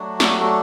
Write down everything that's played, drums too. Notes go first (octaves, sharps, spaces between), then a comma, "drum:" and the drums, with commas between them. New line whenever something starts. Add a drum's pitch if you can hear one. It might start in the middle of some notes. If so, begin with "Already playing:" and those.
Already playing: F#3 A3 D4 F#4
A4, drum: snare
G4
A4